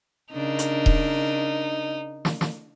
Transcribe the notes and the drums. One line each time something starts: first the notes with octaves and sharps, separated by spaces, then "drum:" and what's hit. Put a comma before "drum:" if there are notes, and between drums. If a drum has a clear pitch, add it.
C#3 D4 D#4 A#4
drum: hi-hat
drum: kick D#1
drum: snare
drum: snare